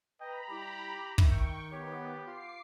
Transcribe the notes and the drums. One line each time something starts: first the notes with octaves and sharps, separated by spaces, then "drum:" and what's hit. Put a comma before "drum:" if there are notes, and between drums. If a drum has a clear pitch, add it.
B4 D#5 G5 A#5 B5
G3 E4 G4
D#3 E5 G5 C#6, drum: kick
B3 G4 C#5
F4 D6 C7